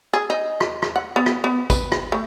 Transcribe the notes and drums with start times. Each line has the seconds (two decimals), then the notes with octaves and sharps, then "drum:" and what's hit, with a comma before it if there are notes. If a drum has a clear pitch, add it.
0.13 G#4
0.30 D#4
0.60 drum: rim click
0.82 drum: rim click
0.96 F#5
1.16 B3
1.26 drum: rim click
1.44 B3
1.70 B4, drum: kick, tambourine
1.92 drum: rim click
2.12 A3